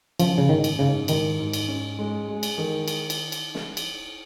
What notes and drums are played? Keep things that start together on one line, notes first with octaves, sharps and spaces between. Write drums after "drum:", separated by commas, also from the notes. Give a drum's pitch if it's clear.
F3 C#4, drum: cymbal
C#3
G#2 D#3
drum: cymbal
G#2 C#3
G#2 D#3, drum: cymbal
G#2
drum: cymbal
C#4
G#3
G#3
drum: cymbal
D#3
drum: cymbal
drum: cymbal
drum: cymbal
drum: snare
drum: cymbal